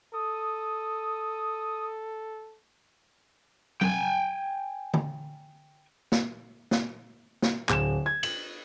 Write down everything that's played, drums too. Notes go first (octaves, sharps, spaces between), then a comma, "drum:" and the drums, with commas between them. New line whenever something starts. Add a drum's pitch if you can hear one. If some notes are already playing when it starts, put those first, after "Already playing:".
A4 D#6
G5 G#5, drum: tom F#3
drum: tom
drum: snare
drum: snare
drum: snare
D1 E7, drum: clap
G#6
F#7, drum: cymbal